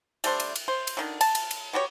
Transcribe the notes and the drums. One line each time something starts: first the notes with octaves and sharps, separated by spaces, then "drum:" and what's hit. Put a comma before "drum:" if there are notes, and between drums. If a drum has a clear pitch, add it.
G3 A3 D4 C5, drum: cymbal
drum: cymbal
drum: cymbal
C5
drum: cymbal
D3 D#3 F#3
A5, drum: cymbal
drum: cymbal
drum: cymbal
B3 F#4 G4 C#5